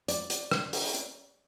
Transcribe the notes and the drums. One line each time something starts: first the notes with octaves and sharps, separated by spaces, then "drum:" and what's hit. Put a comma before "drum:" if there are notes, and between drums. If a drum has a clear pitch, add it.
D5, drum: hi-hat
drum: hi-hat
drum: rim click
drum: open hi-hat
drum: hi-hat